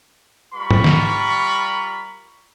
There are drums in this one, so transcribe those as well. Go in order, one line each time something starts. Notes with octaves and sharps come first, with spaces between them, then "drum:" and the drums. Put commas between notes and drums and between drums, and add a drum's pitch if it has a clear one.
G3 F4 A#4 B5 C#6
drum: tom G#2
drum: snare